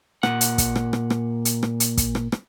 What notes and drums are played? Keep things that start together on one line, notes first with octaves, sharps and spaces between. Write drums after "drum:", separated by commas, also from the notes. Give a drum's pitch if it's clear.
A#2 F#5, drum: rim click
drum: hi-hat
drum: kick, hi-hat
drum: rim click
drum: rim click
drum: rim click
drum: hi-hat
drum: rim click
drum: hi-hat
drum: kick, hi-hat
drum: rim click
drum: rim click